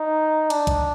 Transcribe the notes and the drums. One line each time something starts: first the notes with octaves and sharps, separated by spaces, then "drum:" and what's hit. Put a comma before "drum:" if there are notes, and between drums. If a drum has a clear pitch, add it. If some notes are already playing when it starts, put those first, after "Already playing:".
Already playing: D#4
D4, drum: cymbal
drum: kick, cymbal